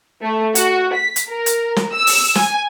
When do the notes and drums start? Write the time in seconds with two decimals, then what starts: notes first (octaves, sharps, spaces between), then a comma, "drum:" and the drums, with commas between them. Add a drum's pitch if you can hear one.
0.22 A3
0.55 F#4, drum: hi-hat
0.94 B6
1.16 drum: hi-hat
1.29 A#4
1.46 drum: hi-hat
1.76 drum: snare
1.94 E6
2.07 drum: open hi-hat
2.35 G#5, drum: snare